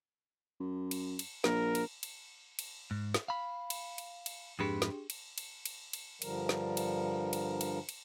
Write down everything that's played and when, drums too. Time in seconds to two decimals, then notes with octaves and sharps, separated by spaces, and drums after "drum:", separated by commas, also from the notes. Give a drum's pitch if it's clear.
0.60 F#2
0.91 drum: cymbal
1.19 drum: cymbal
1.44 A#1 A#4, drum: snare
1.75 drum: cymbal
2.03 drum: cymbal
2.59 drum: cymbal
2.91 G#2
3.14 drum: snare
3.28 F5 B5
3.70 drum: cymbal
3.98 drum: cymbal
4.26 drum: cymbal
4.59 F2 G#2 D4 G4 G#4 B4
4.82 drum: snare
5.10 drum: cymbal
5.38 drum: cymbal
5.66 drum: cymbal
5.93 drum: cymbal
6.22 G2 D3 F3 G3 A#4, drum: cymbal
6.49 drum: snare
6.77 drum: cymbal
7.33 drum: cymbal
7.61 drum: cymbal
7.89 drum: cymbal